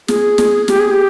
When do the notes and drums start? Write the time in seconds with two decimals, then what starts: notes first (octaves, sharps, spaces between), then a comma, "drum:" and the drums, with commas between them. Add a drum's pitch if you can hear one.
0.08 G#4, drum: snare
0.38 drum: snare
0.68 G4, drum: snare
0.80 G#4
0.91 G4